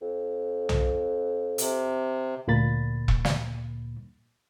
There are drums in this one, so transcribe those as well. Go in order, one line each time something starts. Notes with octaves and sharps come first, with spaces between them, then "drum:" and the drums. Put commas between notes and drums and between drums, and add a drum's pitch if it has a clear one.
F2
drum: tom B1
C3, drum: hi-hat
D2 A#2 A#3 B5 A6
drum: kick E1
drum: snare